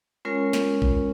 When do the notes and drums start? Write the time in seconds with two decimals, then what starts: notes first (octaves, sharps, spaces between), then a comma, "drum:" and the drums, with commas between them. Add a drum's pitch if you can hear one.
0.25 G#3 C#4 F4 A#4 C#5
0.53 drum: snare
0.82 drum: kick A1